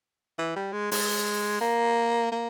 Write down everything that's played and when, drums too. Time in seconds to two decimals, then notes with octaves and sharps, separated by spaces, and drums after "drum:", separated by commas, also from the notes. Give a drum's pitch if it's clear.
0.39 E3
0.56 G3
0.73 G#3
0.91 G#3, drum: open hi-hat
1.61 A#3
2.32 A#3